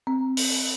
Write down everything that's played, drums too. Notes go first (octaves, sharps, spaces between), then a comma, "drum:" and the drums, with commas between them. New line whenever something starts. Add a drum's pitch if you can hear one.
C4
drum: open hi-hat